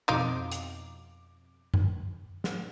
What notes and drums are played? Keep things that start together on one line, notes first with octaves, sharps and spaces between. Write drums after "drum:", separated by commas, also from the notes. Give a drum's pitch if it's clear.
F2 B2 D#4 F4 D6
drum: hi-hat
drum: tom F#2
drum: snare